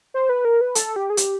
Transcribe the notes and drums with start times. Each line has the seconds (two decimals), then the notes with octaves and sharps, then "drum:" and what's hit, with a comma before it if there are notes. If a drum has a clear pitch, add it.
0.14 C5
0.29 B4
0.45 A#4
0.61 B4
0.75 A4, drum: hi-hat
0.96 G4
1.10 G#4
1.17 G4, drum: hi-hat